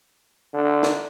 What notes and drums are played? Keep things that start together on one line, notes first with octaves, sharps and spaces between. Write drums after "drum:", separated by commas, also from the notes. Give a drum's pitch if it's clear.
D3
drum: snare